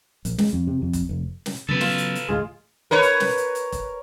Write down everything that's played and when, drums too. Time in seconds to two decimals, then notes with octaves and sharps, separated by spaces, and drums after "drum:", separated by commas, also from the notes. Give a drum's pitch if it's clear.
0.25 A#1, drum: hi-hat
0.38 G#3, drum: snare
0.53 F2
0.67 C3
0.82 F2
0.93 drum: kick E1, hi-hat
1.09 F1
1.46 drum: snare
1.69 C#3 F#3 B3 A4 B4
1.81 F4, drum: snare
1.98 drum: hi-hat
2.15 drum: hi-hat
2.29 A1 D2 G#3 F4
2.91 A#4 B4 C#5
3.03 drum: hi-hat
3.20 drum: snare
3.38 drum: hi-hat
3.55 drum: hi-hat
3.72 drum: kick E1, hi-hat